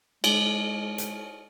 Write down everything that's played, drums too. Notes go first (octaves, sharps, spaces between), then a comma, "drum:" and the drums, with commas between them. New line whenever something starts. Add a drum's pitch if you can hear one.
G#3, drum: cymbal
drum: hi-hat